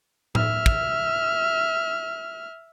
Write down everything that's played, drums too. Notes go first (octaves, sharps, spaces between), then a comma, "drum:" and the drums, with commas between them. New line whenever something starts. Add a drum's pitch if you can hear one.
E5 F6, drum: tom A2
drum: kick